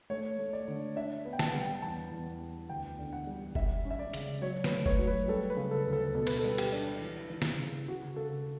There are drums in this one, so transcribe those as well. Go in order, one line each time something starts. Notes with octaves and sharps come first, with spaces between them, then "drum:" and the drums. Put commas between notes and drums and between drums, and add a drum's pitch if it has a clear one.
A3 C#5
A3
D5
D3
D4 E5
B3
G5
A5, drum: snare
G3 F#5
G5
E2 A5
E2
E2
D2 G5
D3
F#5
G3
G3 E5, drum: kick F#1
C#4
E5
D5
C#3, drum: hi-hat
F#3 C#5
B4, drum: snare
A3
C#5, drum: kick F#1
F#3
B4
G3 A4
B4
C#3
A4
D2
A4
B2 A4
B4, drum: cymbal
A4
G3
G4, drum: cymbal
D4
E3
E3
drum: snare
C#3
C#3 F#4
C#3 A4